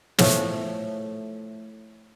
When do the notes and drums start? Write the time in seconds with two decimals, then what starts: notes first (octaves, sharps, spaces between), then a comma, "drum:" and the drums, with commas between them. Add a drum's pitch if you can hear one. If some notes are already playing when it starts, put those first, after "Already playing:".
0.18 A2 F3 A3, drum: snare